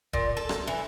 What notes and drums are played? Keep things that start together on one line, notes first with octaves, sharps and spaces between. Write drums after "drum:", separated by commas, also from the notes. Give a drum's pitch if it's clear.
A#2, drum: kick E1
A4
drum: rim click
E3